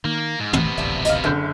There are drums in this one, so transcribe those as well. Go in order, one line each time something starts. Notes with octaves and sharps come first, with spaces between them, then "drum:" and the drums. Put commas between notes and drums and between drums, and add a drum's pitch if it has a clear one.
D#3 A#3
G#2
E1 A1 C3 A3 B3, drum: tom
D#1 A1 D2 F3 G3 E5
D#4 F5, drum: hi-hat
F#1 D3 E4 G6